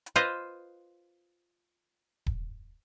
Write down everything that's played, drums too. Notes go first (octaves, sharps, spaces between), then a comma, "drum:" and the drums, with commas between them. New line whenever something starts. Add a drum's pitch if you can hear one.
drum: hi-hat
F4 B4 C5 D#5 F5
drum: kick D#1